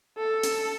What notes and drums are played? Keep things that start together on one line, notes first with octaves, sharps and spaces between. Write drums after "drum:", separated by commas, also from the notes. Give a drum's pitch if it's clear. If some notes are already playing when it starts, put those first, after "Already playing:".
A4
drum: hi-hat